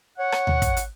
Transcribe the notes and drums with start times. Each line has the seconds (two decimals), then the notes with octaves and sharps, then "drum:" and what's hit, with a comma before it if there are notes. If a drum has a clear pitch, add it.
0.18 C#5 F#5
0.32 drum: rim click
0.47 drum: tom D2
0.62 drum: kick, hi-hat
0.77 drum: hi-hat